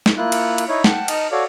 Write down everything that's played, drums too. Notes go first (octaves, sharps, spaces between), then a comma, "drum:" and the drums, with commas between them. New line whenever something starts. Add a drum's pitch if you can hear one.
drum: snare
A#3 E4 F4 F#6
drum: cymbal
drum: cymbal
D#4 E4 C#5
F#5 G5 A5, drum: snare
D#4 D#5 A5 F6, drum: cymbal
F#4 A4 C#5 D5 F5